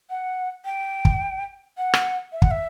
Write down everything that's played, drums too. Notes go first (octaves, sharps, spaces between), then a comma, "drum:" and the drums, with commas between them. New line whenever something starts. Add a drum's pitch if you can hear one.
F#5
G5
drum: kick
F#5
drum: rim click
E5
F#5, drum: kick
E5